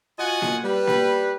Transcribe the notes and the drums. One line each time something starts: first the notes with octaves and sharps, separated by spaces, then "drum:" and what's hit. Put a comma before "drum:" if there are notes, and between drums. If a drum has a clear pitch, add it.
F4 F#4 D#5 F5 F#5 G#5
drum: snare A#3
G3 B4
drum: snare A#3